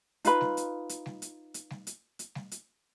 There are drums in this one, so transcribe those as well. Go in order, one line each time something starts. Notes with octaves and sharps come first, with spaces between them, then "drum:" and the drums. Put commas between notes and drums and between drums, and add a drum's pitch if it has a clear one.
D#4 F4 B4 B5, drum: hi-hat
drum: snare G3
drum: hi-hat
drum: hi-hat
drum: snare G3
drum: hi-hat
drum: hi-hat
drum: snare G3
drum: hi-hat
drum: hi-hat
drum: snare G3
drum: hi-hat